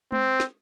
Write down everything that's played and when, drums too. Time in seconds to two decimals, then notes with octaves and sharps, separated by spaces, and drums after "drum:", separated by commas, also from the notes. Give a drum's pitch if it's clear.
0.12 C4, drum: tom G#3
0.40 drum: snare